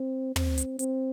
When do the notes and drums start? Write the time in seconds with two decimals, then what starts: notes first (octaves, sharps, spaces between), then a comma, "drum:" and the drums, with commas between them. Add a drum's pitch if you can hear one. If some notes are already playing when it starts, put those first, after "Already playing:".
Already playing: C4
0.36 C4, drum: tom
0.58 drum: hi-hat
0.79 C4, drum: hi-hat